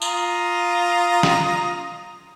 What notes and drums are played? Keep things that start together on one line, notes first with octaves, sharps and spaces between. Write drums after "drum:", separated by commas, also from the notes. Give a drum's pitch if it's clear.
F4 A#5 D#6, drum: tambourine
drum: snare